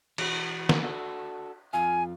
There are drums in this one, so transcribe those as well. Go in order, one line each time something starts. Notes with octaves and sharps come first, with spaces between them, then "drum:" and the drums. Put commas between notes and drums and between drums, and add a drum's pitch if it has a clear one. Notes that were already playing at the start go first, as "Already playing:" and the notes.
E3 F#4, drum: cymbal
drum: snare
D4 F#4 A4
F2 F4 F5 G#5